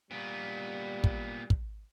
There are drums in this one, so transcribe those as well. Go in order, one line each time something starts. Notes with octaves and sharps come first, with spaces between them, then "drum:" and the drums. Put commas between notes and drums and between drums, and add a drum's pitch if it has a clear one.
A#2 G3 B3
drum: kick
drum: kick